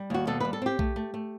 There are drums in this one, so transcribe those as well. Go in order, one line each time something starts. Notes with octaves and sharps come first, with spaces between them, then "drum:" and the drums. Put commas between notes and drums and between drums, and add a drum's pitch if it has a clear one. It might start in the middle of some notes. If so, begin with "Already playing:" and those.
Already playing: G3
D#2 F#4
B2 A4
G3 B4
A4
C4 G4
A3, drum: kick B1
A3
A3